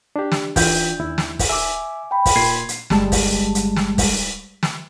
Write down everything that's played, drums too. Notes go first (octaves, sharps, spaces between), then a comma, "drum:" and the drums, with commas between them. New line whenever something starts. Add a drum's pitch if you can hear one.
D4 G4
drum: snare
E3 D4 F4 G5 G6, drum: kick, open hi-hat
D#2 E4
drum: snare
drum: kick, open hi-hat
E5 G#5 D6
G5 B5
drum: kick, open hi-hat
A#2 C6 G#6 C7
drum: hi-hat
G1 G3 G#3 A5, drum: snare
drum: kick, open hi-hat
drum: hi-hat
drum: snare
drum: kick, open hi-hat
drum: snare